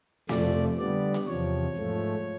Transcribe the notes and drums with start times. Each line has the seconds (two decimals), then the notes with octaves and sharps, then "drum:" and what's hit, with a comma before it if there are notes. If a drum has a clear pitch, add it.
0.29 F2 C3 F3 A3 D5, drum: snare
0.78 D3 G3 B3 D5
1.14 drum: hi-hat
1.27 E2 C3 F3 C#5
1.76 G#2 F3 A3